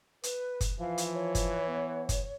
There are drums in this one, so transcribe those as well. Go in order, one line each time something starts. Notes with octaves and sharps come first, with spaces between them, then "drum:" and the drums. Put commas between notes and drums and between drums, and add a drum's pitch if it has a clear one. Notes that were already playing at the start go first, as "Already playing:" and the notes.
B4, drum: hi-hat
drum: kick F#1, hi-hat
E3 F3 F5
drum: hi-hat
C#5
drum: kick F#1, hi-hat
B3
drum: kick F#1, hi-hat